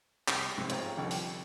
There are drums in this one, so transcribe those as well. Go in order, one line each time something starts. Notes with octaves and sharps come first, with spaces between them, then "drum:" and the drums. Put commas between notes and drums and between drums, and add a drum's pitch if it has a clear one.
C2, drum: clap
B1 G#2 C3
C4 F4 G#4 C#5 G5 A#5, drum: hi-hat
C2 F2 D3 D#3
drum: open hi-hat